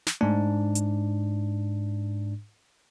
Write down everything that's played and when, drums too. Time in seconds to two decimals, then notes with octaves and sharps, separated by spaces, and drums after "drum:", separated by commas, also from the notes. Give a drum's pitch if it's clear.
0.07 drum: snare
0.21 G#2 D4, drum: tom A3
0.75 drum: hi-hat